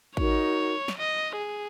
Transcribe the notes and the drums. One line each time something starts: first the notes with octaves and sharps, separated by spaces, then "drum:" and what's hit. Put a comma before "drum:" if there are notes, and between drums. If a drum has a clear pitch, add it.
D#4 F#4 A#4 C#5, drum: kick A1
drum: snare
D#5
G#4